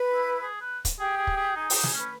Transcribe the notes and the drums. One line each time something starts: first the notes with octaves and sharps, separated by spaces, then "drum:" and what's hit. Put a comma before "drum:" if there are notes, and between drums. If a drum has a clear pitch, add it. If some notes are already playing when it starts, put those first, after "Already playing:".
Already playing: B4
E4
G#4
B4
drum: kick, hi-hat
G4 G#4
G#4
drum: kick
G#4
D#4 G#4
D#4 G4, drum: open hi-hat
G#4, drum: snare
C#4 B4